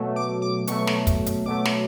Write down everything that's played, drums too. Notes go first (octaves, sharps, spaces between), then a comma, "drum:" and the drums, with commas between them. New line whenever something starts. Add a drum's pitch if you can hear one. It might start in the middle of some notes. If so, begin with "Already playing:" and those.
Already playing: B2 F#3 A3
D6
D6
B2 F#3 A3 C#6, drum: hi-hat
drum: snare
drum: kick, hi-hat
drum: hi-hat
B2 F#3 A3 D6
drum: snare